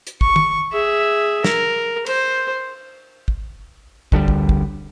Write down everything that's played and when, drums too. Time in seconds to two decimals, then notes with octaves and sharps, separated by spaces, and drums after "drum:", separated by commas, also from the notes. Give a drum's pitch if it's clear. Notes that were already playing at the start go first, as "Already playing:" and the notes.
0.07 drum: hi-hat
0.21 C#6, drum: kick
0.36 drum: tom
0.72 G#4 E5
1.44 A#4, drum: snare
2.06 C5, drum: cymbal
3.28 drum: kick
4.12 D2 D3 E3 G3, drum: kick
4.28 drum: kick
4.49 drum: kick